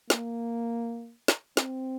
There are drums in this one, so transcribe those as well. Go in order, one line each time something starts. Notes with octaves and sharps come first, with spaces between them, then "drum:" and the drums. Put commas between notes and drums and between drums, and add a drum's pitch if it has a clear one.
A#3, drum: snare
drum: snare
C4, drum: snare